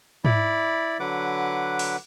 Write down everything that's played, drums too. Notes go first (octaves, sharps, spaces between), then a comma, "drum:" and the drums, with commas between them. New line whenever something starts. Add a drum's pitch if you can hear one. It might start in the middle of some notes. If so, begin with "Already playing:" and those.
E4 D5 B5, drum: tom G#2
D3 F#3 B4 F#5 D6
drum: open hi-hat